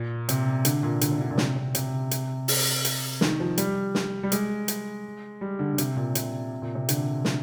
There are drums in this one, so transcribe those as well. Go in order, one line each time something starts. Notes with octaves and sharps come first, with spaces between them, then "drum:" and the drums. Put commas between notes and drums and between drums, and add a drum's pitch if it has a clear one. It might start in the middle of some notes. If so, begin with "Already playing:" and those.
Already playing: A#2
C3, drum: hi-hat
D3, drum: hi-hat
A#2
D3, drum: hi-hat
C3
D3
A#2
C3, drum: snare
C3
C3, drum: hi-hat
drum: hi-hat
drum: open hi-hat
drum: hi-hat
D#3, drum: snare
F3
G3, drum: hi-hat
drum: snare
G3
G#3, drum: hi-hat
drum: hi-hat
G3
D3
D3
C3, drum: hi-hat
A#2
C3, drum: hi-hat
A#2
C3
D3, drum: hi-hat
drum: snare